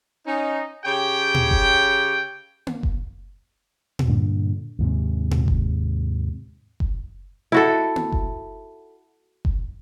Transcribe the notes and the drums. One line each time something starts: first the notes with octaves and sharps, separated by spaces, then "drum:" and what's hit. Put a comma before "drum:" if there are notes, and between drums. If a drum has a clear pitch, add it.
C#4 D#4
C#3 G4 C#5 G5
drum: tom A#2
drum: kick F#1
drum: tom A#3
drum: kick F#1
drum: tom A#2
G2 A#2 D3
D#2 G#2 C3
drum: tom A#2
drum: kick F#1
drum: kick F#1
E4 F#4 A4
drum: tom A#3
drum: kick F#1
drum: kick F#1